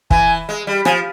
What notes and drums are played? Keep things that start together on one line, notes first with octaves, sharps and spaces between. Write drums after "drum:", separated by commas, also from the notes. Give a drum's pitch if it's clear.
E3 G#5, drum: kick
G#3
G3
F3 G#5, drum: rim click